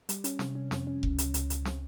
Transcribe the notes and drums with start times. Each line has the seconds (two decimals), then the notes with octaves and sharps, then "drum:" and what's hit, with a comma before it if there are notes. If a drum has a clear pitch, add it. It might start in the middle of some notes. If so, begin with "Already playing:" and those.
0.09 G3, drum: hi-hat
0.24 C#4, drum: hi-hat
0.39 C3, drum: snare
0.55 C#4
0.71 F2, drum: snare
0.87 C#4
1.03 C#2, drum: kick F1
1.18 C#2, drum: hi-hat
1.34 C#2, drum: hi-hat
1.50 C#2, drum: hi-hat
1.65 drum: snare